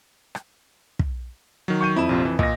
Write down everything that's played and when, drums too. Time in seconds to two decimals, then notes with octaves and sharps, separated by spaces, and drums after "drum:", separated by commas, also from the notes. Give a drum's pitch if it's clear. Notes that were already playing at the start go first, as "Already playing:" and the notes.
0.35 drum: rim click
0.99 drum: kick
1.68 D#3 F#3
1.81 C#6 G6 D#7
1.96 F2 E4 E7
2.09 A#1 C3 F4
2.25 E3
2.39 A#2 D#5 A#6, drum: kick